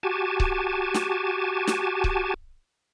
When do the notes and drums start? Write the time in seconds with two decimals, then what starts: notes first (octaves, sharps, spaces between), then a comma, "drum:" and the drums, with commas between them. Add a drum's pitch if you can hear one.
0.03 F#4 G4 G#5 A5
0.40 drum: kick C#1
0.94 drum: snare
1.67 drum: snare
2.04 drum: kick C#1